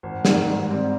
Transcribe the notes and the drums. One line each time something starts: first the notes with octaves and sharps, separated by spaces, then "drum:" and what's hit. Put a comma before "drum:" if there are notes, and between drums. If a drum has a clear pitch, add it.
G#1
G2 D#3, drum: snare
G#2
G3 C4